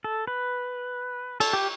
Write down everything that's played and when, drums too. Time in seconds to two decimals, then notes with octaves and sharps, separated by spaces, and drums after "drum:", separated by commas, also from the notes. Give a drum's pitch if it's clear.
0.04 A4
0.27 B4
1.40 A4, drum: cymbal
1.53 G4